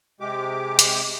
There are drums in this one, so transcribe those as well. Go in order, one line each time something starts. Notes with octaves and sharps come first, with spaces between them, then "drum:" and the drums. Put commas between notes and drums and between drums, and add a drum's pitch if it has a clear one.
C3 G#3 G4 D6
drum: hi-hat